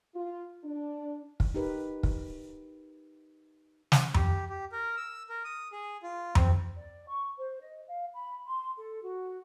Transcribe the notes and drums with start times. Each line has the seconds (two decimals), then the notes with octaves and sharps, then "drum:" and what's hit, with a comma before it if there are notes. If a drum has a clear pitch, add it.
0.15 F4
0.64 D4
1.40 drum: kick
1.54 D#4 G4 A#4 B4
2.03 drum: kick
3.92 drum: snare
4.14 G4, drum: tom F2
4.50 G4
4.72 A#4
4.97 E6
5.29 A#4
5.44 D#6
5.72 G#4
6.03 F4
6.35 C4, drum: tom F2
6.77 D5
7.08 C#6
7.37 C5
7.61 D#5
7.87 F5
8.14 B5
8.46 C6
8.77 A4
9.02 F#4